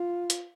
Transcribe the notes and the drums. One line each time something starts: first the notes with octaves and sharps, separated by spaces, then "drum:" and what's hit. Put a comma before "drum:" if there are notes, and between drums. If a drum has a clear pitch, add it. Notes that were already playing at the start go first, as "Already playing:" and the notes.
Already playing: F4
drum: hi-hat